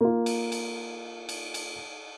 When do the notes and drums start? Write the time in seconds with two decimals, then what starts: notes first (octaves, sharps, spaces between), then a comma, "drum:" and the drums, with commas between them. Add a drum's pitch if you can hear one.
0.01 A#3 F4
0.26 drum: cymbal
0.52 drum: cymbal
1.29 drum: cymbal
1.54 drum: cymbal